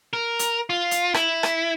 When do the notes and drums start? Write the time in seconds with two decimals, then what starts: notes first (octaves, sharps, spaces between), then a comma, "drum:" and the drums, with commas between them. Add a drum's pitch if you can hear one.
0.13 A#4
0.39 drum: hi-hat
0.70 F4
0.91 drum: hi-hat
1.14 E4, drum: rim click
1.43 drum: rim click